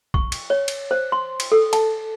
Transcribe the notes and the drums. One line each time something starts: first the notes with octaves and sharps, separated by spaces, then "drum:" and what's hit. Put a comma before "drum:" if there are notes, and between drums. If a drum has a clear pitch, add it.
C#6, drum: kick
drum: cymbal
C#5
drum: cymbal
C5
C6
drum: cymbal
A4
A5, drum: cymbal